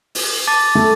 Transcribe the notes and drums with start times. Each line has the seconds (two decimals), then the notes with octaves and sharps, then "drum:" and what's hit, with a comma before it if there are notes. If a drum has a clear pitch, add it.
0.15 drum: open hi-hat
0.47 A5 D6 A6
0.75 A3